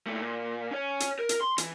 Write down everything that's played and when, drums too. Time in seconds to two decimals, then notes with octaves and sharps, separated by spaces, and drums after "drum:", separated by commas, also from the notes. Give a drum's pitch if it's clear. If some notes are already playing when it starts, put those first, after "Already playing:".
0.07 A#2 A3
0.21 A#2
0.71 C#4 C#5
1.00 drum: hi-hat
1.19 A#4
1.29 drum: hi-hat
1.41 C6
1.58 E3, drum: hi-hat